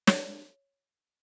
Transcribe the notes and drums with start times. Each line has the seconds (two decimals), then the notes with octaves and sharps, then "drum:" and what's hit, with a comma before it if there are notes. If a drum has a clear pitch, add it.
0.07 C#5, drum: snare